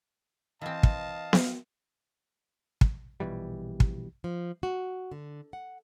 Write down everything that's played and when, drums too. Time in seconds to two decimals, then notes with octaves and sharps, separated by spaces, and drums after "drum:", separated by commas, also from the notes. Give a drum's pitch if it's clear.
0.61 E3 C4 D#5 F5 A5 D#6
0.83 drum: kick
1.33 drum: snare B3
2.81 drum: kick
3.20 A#1 B2 E3 G3
3.80 drum: kick
4.24 F3
4.63 F#4
5.12 D3
5.53 F#5